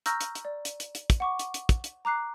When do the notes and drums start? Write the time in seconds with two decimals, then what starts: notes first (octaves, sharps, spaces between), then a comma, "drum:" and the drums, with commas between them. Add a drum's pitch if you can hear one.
0.06 A#5 C#6 E6 F6 G6 A#6, drum: hi-hat
0.21 drum: hi-hat
0.35 drum: hi-hat
0.45 D5
0.65 drum: hi-hat
0.80 drum: hi-hat
0.95 drum: hi-hat
1.10 drum: kick, hi-hat
1.20 F#5 C#6 D6
1.39 drum: hi-hat
1.54 drum: hi-hat
1.69 drum: kick, hi-hat
1.84 drum: hi-hat
2.05 A#5 D6 F#6 C7